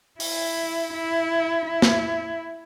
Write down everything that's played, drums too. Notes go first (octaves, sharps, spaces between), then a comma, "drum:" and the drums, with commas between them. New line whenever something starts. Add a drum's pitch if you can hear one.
E4, drum: open hi-hat
E4
E4
drum: snare